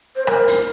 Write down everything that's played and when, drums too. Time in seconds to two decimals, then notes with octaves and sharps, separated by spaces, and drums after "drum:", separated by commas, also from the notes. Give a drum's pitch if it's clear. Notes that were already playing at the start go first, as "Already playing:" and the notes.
0.16 C5
0.27 A#4, drum: rim click
0.48 drum: open hi-hat